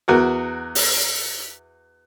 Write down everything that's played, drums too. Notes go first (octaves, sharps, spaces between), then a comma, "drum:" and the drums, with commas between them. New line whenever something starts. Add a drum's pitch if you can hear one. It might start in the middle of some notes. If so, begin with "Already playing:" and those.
E2 F#4 A#4
drum: open hi-hat